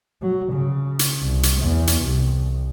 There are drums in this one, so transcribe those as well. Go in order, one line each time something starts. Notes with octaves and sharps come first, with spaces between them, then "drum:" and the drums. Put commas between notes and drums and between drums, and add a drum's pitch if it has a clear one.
F#3
C#3
drum: hi-hat
C2
drum: hi-hat
E2
drum: hi-hat
C2